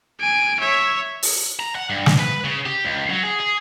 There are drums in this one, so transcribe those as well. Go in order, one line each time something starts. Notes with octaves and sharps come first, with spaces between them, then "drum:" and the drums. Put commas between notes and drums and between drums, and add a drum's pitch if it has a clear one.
G#5 D7
C#5 E5
drum: open hi-hat
A#5
F#5
G2
drum: snare
B4
C#3
G4
C#2
F#3
G#4
G#4